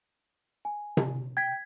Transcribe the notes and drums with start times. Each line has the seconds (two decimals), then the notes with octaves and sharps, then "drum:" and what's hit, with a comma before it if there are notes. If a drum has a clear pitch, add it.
0.65 G#5
0.97 drum: tom C3
1.37 G5 G#6 B6